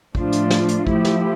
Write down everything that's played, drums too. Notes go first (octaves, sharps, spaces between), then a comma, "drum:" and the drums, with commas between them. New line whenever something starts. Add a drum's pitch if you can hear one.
A2 F3 A3 D4 F4, drum: kick
drum: hi-hat
drum: snare
drum: hi-hat
F3 A3 E4 G4, drum: kick
drum: snare